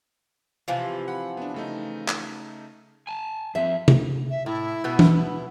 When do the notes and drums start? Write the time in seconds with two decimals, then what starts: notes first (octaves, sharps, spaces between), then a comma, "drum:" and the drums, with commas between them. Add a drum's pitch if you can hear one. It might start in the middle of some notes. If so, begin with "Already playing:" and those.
0.68 C3 E3 F3 F4
1.08 F#5 B5
1.37 B3 D4
1.54 C#3 A3 D#4
2.08 drum: clap
3.07 G#5 A5
3.55 F3 C4 E5
3.88 drum: tom C3
4.30 E5
4.46 A2 E4
4.84 B2 B3
4.99 drum: tom E3